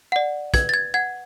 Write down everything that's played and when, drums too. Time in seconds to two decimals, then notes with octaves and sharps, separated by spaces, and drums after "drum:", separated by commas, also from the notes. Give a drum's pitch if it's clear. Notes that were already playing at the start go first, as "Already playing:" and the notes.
0.12 D5 F#5
0.54 B4 G#6, drum: kick, hi-hat
0.69 A6
0.74 G#6
0.94 F#5 G#6